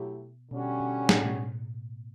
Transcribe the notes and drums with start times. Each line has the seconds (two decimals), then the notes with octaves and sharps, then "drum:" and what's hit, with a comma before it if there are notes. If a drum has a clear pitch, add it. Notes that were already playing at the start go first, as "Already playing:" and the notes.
Already playing: B2 F#3 A3 E4 G4
0.51 B2 D3 G3 C#4 F#4
0.80 B2
1.09 A2, drum: snare
1.23 B2